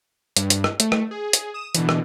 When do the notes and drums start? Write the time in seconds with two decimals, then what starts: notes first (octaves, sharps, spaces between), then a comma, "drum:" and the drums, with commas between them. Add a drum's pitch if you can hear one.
0.37 G2, drum: hi-hat
0.50 drum: hi-hat
0.64 drum: rim click
0.80 A3, drum: hi-hat
0.92 drum: rim click
1.11 G#4
1.33 drum: hi-hat
1.54 D#6 E7
1.75 B2 D3 E3, drum: hi-hat
1.89 drum: rim click